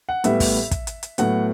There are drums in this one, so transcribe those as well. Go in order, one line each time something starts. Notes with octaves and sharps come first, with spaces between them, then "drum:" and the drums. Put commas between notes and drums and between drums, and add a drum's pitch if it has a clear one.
F#5
A2 G3 B3 E5, drum: hi-hat
drum: kick, open hi-hat
drum: kick, hi-hat
drum: hi-hat
drum: hi-hat
A2 F#3 B3 F#5, drum: hi-hat